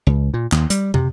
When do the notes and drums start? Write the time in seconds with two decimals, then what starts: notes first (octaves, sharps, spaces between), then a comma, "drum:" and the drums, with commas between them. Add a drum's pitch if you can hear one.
0.07 C#2
0.34 A#2
0.52 D#2, drum: clap
0.70 G3, drum: hi-hat
0.94 C3, drum: tom